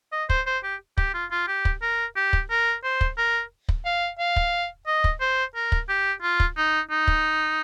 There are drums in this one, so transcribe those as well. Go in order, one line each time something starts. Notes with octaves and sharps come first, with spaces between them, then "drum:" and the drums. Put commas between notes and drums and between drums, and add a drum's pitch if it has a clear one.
D#5
C5, drum: kick
C5
G4
G4, drum: kick
F4
F4
G4
drum: kick
A#4
G4
drum: kick
A#4
C5
drum: kick
A#4
drum: kick
F5
F5
drum: kick
D#5
drum: kick
C5
A#4
drum: kick
G4
F4
drum: kick
D#4
D#4
drum: kick